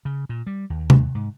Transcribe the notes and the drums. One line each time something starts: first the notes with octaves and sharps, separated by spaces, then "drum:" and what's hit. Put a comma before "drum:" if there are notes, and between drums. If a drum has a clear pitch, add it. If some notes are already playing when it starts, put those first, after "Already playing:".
C#3
A#2
G3
D#2
drum: tom C3
G#2